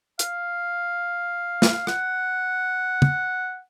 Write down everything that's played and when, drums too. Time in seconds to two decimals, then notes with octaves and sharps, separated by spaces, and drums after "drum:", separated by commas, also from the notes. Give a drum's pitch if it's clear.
0.19 F5, drum: hi-hat
1.62 drum: snare
1.87 F#5, drum: rim click
3.02 drum: tom